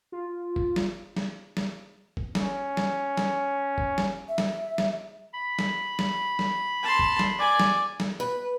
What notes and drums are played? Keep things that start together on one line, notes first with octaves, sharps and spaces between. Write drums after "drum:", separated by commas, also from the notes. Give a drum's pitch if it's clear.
F4
drum: kick
drum: snare
drum: snare
drum: snare
drum: kick
C#4, drum: snare
drum: snare
drum: snare
drum: kick
drum: snare
E5
drum: snare
drum: snare
B5
drum: snare
drum: snare
drum: snare
A5 C6
drum: kick
drum: snare
D5 G#5
drum: snare
drum: snare
B4